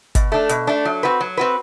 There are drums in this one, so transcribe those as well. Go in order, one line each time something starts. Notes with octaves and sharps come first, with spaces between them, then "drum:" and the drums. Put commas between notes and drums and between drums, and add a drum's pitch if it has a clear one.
B2, drum: kick, hi-hat
A3 D4
B2, drum: hi-hat
A3 D4
F#3
C4 F#4 B4
F#3
C4 F#4 B4